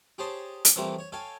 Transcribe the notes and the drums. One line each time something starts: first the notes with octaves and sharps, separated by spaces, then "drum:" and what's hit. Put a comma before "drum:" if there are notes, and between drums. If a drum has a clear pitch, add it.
G4 G#4 C5 C#5 A5 C6
drum: hi-hat
E3 F3 G3 A3 A#3 C4
C#5
A4 C#5 F5 G5 G#5